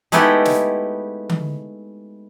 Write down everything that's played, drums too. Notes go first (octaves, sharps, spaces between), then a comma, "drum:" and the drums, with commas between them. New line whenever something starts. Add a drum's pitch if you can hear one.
G#3 A3 B3 D#4 E4 G4, drum: hi-hat
drum: snare
drum: tom D3